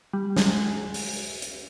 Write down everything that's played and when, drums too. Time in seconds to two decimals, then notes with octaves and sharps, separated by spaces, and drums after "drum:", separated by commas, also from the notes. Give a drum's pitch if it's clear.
0.13 G3
0.37 G#3, drum: snare
0.94 drum: open hi-hat
1.42 drum: hi-hat